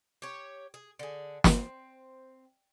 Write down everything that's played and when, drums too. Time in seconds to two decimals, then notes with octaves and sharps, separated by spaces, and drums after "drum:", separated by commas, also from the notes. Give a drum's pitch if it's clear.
0.22 G4 C#5
0.74 G#4
0.99 D3 G#4
1.44 C4, drum: snare